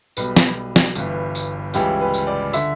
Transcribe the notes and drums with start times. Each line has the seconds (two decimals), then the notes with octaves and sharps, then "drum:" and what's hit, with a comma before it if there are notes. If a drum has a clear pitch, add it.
0.17 B1 B2 G3 B4, drum: tambourine
0.37 drum: snare
0.76 drum: snare
0.95 G1 G2 E3, drum: tambourine
1.35 drum: tambourine
1.74 C#2 C#3 E3 G3 G4, drum: tambourine
2.01 B4
2.14 drum: tambourine
2.27 D5
2.53 D3 E5, drum: tambourine